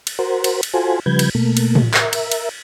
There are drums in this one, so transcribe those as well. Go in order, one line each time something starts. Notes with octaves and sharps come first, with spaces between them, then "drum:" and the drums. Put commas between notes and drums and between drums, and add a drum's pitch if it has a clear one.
drum: cymbal
F#4 A#4 C5
drum: cymbal
drum: cymbal
F4 F#4 A4 C5 G#5
C#3 F3 G3 B4 G6 G#6
drum: cymbal
B2 A3 A#3
drum: cymbal
drum: tom
A#4 E5, drum: clap
drum: cymbal
drum: cymbal